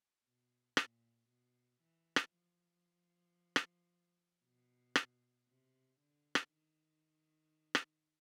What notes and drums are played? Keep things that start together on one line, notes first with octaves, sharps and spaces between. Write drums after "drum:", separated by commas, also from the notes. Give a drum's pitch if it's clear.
B2
A#2, drum: rim click
B2
E3
drum: rim click
F3
drum: rim click
B2
drum: rim click
C3
D3
drum: rim click
D#3
drum: rim click